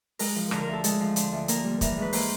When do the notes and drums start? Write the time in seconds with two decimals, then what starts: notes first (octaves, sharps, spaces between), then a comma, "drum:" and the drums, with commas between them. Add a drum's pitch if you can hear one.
0.19 G#3 A#4, drum: open hi-hat
0.36 F3
0.51 D3 A#4, drum: rim click
0.62 A#4
0.68 D2
0.73 A4
0.84 G#3 A4, drum: hi-hat
1.01 F3
1.16 D3, drum: hi-hat
1.32 D2
1.48 A#3 A#4, drum: hi-hat
1.64 G3
1.81 E3 A#4, drum: kick, hi-hat
1.97 G#2 B4
2.13 A#3 C5, drum: open hi-hat